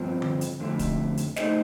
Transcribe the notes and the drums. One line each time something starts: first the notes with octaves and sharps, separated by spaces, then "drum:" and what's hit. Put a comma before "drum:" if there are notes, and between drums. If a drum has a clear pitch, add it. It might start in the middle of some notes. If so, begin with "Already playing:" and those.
Already playing: G2 F3 C4
drum: tom D3
drum: hi-hat
F2 D3 A3
drum: kick D1, hi-hat
drum: hi-hat
A3 D#4 A4 C5 D#5, drum: snare